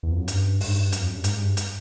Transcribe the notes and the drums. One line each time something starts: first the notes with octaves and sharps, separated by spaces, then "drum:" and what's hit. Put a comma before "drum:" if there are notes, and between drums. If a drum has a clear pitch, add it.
E2
F2
F#2
G2, drum: hi-hat
G2, drum: open hi-hat
G#2
G2
F#2, drum: hi-hat
F2
F#2
G2
G#2, drum: hi-hat
G2
drum: hi-hat